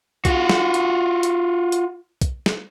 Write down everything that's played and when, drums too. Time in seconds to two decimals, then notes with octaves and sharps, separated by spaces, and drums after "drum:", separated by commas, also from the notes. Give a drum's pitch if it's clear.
0.25 F4 F#4, drum: kick, hi-hat
0.49 drum: snare
0.74 drum: hi-hat
1.23 drum: hi-hat
1.72 drum: hi-hat
2.21 drum: kick, hi-hat
2.46 drum: snare